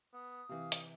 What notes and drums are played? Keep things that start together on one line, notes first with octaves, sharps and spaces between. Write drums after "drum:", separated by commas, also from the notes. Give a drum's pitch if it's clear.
B3 D#6
C3 E3 F5
drum: hi-hat